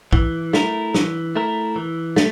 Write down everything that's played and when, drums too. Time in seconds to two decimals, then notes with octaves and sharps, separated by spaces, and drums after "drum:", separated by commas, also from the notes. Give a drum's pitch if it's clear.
0.13 E3, drum: kick
0.53 A3 E4 A#4, drum: snare
0.94 E3, drum: snare
1.36 A3 E4 A#4
1.76 E3
2.16 A3, drum: snare